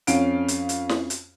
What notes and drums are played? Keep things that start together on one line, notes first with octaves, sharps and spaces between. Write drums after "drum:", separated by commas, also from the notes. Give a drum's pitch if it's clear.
F2 C#4 F5 D7, drum: hi-hat
drum: hi-hat
drum: hi-hat
drum: snare
drum: hi-hat